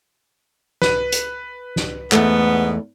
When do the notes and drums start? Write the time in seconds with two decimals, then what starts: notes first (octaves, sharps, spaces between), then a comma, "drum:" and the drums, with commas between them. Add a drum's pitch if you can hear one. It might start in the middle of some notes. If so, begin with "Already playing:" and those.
0.82 B4 D#7, drum: snare
1.12 drum: hi-hat
1.76 drum: snare
2.12 E2 G#2 A3 B3, drum: clap